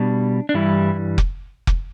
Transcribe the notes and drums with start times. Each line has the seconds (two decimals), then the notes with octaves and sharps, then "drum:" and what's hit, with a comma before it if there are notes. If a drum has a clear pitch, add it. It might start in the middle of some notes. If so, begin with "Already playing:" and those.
Already playing: B2 G3 D4
0.49 D4
0.54 G2 E3 G3 E4
1.18 drum: kick F1
1.67 drum: kick F1